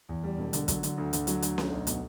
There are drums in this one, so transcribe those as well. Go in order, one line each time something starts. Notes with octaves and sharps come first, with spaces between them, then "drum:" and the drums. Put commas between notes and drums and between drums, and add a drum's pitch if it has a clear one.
E2
G3
E1
D3, drum: hi-hat
F#3, drum: kick, hi-hat
D3, drum: hi-hat
D2
D3, drum: hi-hat
F#3, drum: hi-hat
D2, drum: hi-hat
D2, drum: snare C#4
B1
B2, drum: hi-hat